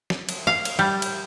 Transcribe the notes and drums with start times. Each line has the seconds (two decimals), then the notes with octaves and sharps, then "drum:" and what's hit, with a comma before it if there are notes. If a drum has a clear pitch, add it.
0.10 drum: snare
0.29 drum: cymbal
0.47 F5
0.65 drum: cymbal
0.79 G3
1.02 drum: cymbal